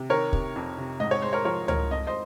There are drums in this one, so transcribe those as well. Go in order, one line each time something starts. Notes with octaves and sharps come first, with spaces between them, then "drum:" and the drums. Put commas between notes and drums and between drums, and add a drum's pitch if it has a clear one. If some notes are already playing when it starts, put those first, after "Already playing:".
Already playing: C3
D#3 A#4 C#5
C3, drum: kick
F2
C3
G#2 D#5
C#5
G#3 C5
A#4 C#5
F3 A#4 C#5
G#2 A#4 C#5, drum: tom C#2
F2 D#5
C5 D#5